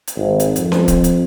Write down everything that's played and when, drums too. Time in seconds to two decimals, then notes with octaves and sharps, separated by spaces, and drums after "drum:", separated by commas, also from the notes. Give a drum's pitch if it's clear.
0.07 drum: hi-hat
0.17 G#1
0.40 drum: hi-hat
0.56 F2, drum: hi-hat
0.72 drum: snare C#4
0.88 drum: kick C#1, hi-hat
1.04 drum: hi-hat